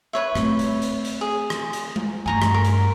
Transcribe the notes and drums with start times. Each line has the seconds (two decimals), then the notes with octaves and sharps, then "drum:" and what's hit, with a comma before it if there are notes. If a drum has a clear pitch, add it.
0.13 B4 C#5 E5
0.35 A3 C4, drum: rim click
0.59 drum: hi-hat
0.82 drum: hi-hat
1.05 drum: hi-hat
1.21 G#4
1.50 drum: rim click
1.73 drum: hi-hat
1.96 drum: tom G#3
2.26 G2 A3 G#5 A#5 C#6
2.42 drum: rim click
2.54 A#4
2.64 drum: hi-hat